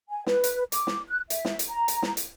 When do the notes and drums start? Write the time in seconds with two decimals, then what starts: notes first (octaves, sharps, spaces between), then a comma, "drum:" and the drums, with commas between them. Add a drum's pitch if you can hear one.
0.09 G#5
0.26 B4, drum: snare
0.44 drum: hi-hat
0.72 D6, drum: hi-hat
0.87 drum: snare
1.08 F#6
1.30 E5, drum: hi-hat
1.45 drum: snare
1.59 drum: hi-hat
1.69 A#5
1.88 drum: hi-hat
2.02 drum: snare
2.17 drum: hi-hat